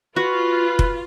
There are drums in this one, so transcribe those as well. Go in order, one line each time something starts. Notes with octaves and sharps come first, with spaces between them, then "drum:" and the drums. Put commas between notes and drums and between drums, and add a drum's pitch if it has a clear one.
F4 F#4 B4
drum: kick F1